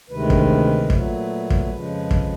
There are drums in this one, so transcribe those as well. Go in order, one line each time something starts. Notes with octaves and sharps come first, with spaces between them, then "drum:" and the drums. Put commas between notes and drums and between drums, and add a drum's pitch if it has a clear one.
D2 C3 D#3 G#3 B4
drum: kick
A#2 F#3 A3, drum: kick
drum: kick
F2 C#3 F3 G#3
drum: kick